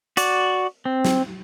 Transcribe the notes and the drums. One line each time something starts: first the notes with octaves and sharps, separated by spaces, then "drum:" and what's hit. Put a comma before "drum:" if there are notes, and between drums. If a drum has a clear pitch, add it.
F#4 D5, drum: hi-hat
C4
drum: snare